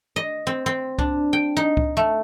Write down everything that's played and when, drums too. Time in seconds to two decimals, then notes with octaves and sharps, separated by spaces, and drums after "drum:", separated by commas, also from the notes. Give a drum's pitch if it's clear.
0.16 D#5
0.47 C4
0.66 C4
0.99 D4, drum: kick C#2
1.33 G5
1.57 D#4
1.77 drum: kick C#2
1.97 A3